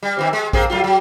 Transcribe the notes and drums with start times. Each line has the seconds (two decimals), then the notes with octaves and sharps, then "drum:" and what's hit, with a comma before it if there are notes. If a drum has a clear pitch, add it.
0.03 G3
0.17 D#3 E3 C4
0.33 G#3
0.53 A#3 C4 G#4, drum: kick
0.70 F#3 A3 F4
0.84 F#3